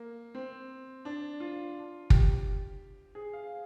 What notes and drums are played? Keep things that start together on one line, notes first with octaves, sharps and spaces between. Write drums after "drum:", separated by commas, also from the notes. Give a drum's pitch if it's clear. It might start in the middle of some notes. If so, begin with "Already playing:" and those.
Already playing: A#3
C4
D4
F4
G4, drum: kick
G#4
F5